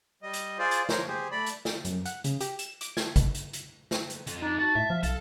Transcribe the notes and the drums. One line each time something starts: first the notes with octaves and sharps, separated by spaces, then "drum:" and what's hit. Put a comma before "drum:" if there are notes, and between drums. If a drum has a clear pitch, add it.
G3 D#5
drum: hi-hat
F4 G#4 C5 D5
drum: hi-hat
F3 A#4 C5 C#5, drum: snare
G4 G#4 C5
A3 D5 B5
drum: hi-hat
drum: snare
F#2, drum: hi-hat
F#5, drum: hi-hat
C#3, drum: hi-hat
G4, drum: hi-hat
E7, drum: hi-hat
D6, drum: hi-hat
G#6, drum: snare
drum: kick, hi-hat
drum: hi-hat
drum: hi-hat
drum: snare
drum: hi-hat
F2, drum: hi-hat
D4 D#4
F#4 A5
A2 E5
F3 F5
B1 A4, drum: hi-hat